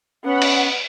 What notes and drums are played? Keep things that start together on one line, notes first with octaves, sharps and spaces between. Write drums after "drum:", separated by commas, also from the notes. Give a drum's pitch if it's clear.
B3 C#4 F#5 B5
drum: cymbal